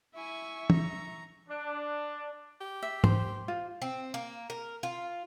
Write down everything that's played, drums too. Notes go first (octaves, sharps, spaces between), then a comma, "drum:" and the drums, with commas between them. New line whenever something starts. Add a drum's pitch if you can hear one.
E4 E5 G#5 C#6
A#5, drum: tom
D4
G4
E5
C5, drum: tom
F4
C4
A#3
A#4
F4